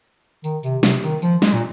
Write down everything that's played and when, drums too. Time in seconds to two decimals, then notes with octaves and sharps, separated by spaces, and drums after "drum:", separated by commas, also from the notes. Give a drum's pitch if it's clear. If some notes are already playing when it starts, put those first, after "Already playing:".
0.44 D#3, drum: tambourine
0.63 C3, drum: tambourine
0.83 C3, drum: snare
1.03 D#3, drum: tambourine
1.22 F3, drum: tambourine
1.42 G#3, drum: snare
1.53 A#2